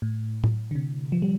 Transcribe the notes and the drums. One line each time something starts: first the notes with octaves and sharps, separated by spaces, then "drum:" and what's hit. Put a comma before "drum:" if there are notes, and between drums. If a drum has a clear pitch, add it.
A2
drum: tom A2
D3
C3
F3
G3